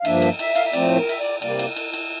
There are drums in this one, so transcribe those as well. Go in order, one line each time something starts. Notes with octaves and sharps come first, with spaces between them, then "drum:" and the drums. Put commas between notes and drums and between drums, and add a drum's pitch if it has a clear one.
F5
G2 F3 A#3 D4 E5, drum: cymbal
drum: cymbal
E5, drum: cymbal
F5, drum: cymbal
E5
A2 F3 A3 C4 D5, drum: cymbal
A#4
E5, drum: cymbal
D5
C3 G3 A#3 D5, drum: cymbal
drum: cymbal
drum: cymbal
drum: cymbal